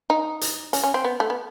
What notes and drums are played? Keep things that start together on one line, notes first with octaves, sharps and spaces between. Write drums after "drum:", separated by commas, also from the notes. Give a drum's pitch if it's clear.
D#4
drum: hi-hat
C#4, drum: hi-hat
C#4
C4
B3
A3
B3